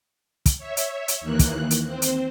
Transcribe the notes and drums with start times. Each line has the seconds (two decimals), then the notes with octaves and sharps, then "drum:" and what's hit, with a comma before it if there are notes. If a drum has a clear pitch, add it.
0.46 drum: kick, hi-hat
0.58 C#5 E5
0.77 drum: hi-hat
1.08 drum: hi-hat
1.20 D#2 D#3 E3 A#3 F#6
1.39 drum: kick, hi-hat
1.71 drum: hi-hat
1.86 C4 C5
2.02 drum: hi-hat